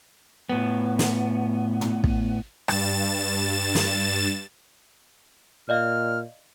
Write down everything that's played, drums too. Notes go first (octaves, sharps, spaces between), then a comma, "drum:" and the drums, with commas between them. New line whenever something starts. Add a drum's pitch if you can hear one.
A2 B3
drum: snare
drum: tom
drum: kick
G2 A6 E7, drum: rim click
drum: snare
A#2 D5 D#5 F5 F6